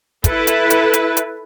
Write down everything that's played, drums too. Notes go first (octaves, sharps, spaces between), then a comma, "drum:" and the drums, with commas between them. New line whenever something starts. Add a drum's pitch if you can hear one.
E4 A4 B4, drum: kick, hi-hat
drum: hi-hat
drum: hi-hat
drum: hi-hat
drum: hi-hat